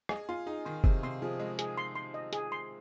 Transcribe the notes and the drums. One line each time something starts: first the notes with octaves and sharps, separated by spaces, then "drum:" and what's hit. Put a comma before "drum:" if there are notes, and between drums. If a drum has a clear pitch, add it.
G#4 D#5, drum: rim click
F4 C6
D#4 G#4
D#3 C6
C3 G#4, drum: kick
C3 C6
F3 G#4
G#3 D#5
G#4, drum: hi-hat
C6
C6
D#5
G#4, drum: hi-hat
C6